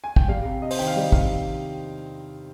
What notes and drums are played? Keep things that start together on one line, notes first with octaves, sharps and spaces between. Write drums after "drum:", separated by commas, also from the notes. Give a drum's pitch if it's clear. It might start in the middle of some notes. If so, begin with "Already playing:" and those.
G#5
G5, drum: kick
G3 F5
C3
C3 D#5
C5, drum: open hi-hat
D#3 G5
F5
G3 D#5
C3 F5, drum: kick